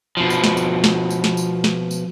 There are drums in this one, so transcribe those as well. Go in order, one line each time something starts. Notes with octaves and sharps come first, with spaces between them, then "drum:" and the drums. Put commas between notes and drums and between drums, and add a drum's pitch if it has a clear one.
B2 F3
drum: tambourine
drum: snare
drum: tambourine
drum: snare
drum: tambourine
drum: snare
drum: tambourine
drum: snare
drum: tambourine